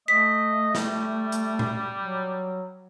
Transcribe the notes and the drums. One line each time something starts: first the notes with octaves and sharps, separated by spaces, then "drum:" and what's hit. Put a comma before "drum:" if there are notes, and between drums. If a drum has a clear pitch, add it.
A3 D#5 B6
G3, drum: snare
drum: hi-hat
drum: tom A#2
F#3